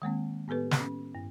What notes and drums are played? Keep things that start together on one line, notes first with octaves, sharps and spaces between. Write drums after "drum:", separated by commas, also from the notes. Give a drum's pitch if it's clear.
D#3 G#3 A#3 C4
A2 B3 G4 A4 B4
drum: snare
C#4
G2